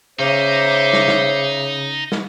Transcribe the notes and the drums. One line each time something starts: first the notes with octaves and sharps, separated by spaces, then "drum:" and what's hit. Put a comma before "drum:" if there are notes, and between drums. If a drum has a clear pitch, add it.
C#3 D#4 C5 E5 D6
drum: snare
drum: snare
drum: snare